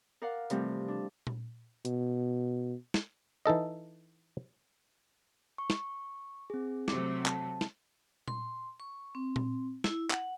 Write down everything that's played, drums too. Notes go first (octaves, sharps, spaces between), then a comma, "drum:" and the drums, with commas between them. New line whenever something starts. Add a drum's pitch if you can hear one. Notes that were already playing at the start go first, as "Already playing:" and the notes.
A#4 D5 F5 F#5
C3 E3 F3 G3 A3 C4, drum: hi-hat
D4
drum: tom A#2
B2, drum: hi-hat
drum: snare
E3 D#4 A4 D#5
C#6
drum: snare
C4 G#4
C3 F#3 A3 D6, drum: snare
A5, drum: clap
drum: snare
C6, drum: tom A#2
C#6
C4
drum: tom A#2
E4, drum: snare
F#5, drum: clap